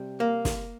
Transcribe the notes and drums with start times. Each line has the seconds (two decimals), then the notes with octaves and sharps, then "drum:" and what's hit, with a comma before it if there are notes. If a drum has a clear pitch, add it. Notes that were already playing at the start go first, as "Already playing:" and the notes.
Already playing: C3 G3
0.20 A#3
0.45 drum: snare